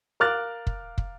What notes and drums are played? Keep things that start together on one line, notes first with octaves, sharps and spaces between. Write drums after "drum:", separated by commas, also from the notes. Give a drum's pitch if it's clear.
A#4 F5 D6 F6 F#6 A6
drum: kick
drum: kick